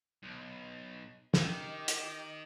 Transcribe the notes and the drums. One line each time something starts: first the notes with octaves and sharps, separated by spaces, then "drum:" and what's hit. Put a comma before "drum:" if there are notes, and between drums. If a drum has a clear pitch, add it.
B1
D#3 G4 D#5 D6, drum: snare
drum: hi-hat